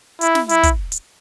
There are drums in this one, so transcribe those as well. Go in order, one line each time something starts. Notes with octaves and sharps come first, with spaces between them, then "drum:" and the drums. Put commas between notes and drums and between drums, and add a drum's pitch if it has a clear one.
E4, drum: hi-hat
drum: snare
E4, drum: hi-hat
drum: kick, hi-hat
drum: hi-hat